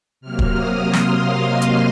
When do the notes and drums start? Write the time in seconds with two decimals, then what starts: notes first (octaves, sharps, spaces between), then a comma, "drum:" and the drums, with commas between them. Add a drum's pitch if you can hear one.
0.21 C3 F#3 A#3 F6
0.39 drum: kick
0.52 D#6
0.83 C6
0.93 drum: snare
1.13 F5
1.43 D#5
1.62 drum: hi-hat